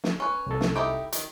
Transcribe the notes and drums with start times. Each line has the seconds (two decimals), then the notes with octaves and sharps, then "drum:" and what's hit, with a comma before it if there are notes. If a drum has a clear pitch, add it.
0.04 drum: snare
0.20 C#4 B4
0.47 C2 A4
0.61 drum: snare
0.76 D#4 E4 G4
1.12 D#3, drum: hi-hat